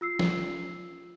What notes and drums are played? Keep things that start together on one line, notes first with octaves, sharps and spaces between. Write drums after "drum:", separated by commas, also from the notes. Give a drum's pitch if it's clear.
F4 E6 C7
drum: snare